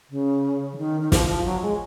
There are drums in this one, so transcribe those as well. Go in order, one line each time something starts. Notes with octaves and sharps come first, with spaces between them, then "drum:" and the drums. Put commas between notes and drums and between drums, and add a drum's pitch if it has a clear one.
C#3
F3
D#3
D#3
F3, drum: snare
F3
F#3
G#3